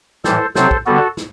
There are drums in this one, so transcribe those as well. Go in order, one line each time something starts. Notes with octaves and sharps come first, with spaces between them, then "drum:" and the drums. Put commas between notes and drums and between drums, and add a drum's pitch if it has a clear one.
A2 E3 G3 A4 C5, drum: snare
C3 F#3 C4 A4 C5, drum: snare
drum: kick
D3 G3 B3 F#4 A4
drum: snare